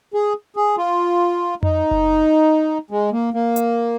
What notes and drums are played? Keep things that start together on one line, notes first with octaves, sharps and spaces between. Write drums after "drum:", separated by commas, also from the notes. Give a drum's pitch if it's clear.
G#4
G#4
F4
D#4, drum: tom F2
drum: kick F#1
G#3
A#3
A#3
drum: hi-hat